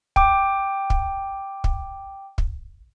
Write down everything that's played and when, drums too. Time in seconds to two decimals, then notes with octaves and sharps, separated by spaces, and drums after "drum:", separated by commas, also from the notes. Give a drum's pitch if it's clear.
0.16 G5 D6, drum: kick
0.90 drum: kick
1.64 drum: kick
2.38 drum: kick